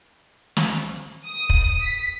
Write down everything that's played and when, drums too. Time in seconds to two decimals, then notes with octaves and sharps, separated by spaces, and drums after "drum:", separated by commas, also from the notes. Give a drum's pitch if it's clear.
0.57 drum: snare
1.25 D#6
1.50 drum: kick
1.81 B6